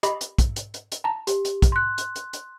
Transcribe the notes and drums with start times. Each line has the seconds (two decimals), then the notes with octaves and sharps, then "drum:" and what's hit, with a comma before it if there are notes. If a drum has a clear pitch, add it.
0.03 G4 D#5 B5, drum: hi-hat
0.21 drum: hi-hat
0.39 drum: kick, hi-hat
0.56 drum: hi-hat
0.74 drum: hi-hat
0.92 drum: hi-hat
1.04 A5 A#5
1.27 G4, drum: hi-hat
1.45 drum: hi-hat
1.62 drum: kick, hi-hat
1.72 C6 F#6
1.98 drum: hi-hat
2.16 drum: hi-hat
2.33 drum: hi-hat